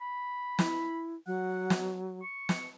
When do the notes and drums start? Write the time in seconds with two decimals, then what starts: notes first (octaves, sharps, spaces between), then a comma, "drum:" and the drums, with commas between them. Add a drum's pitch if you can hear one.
0.01 B5
0.59 E4, drum: snare
1.27 F#3 F#5
1.70 drum: snare
2.22 C#6
2.49 drum: snare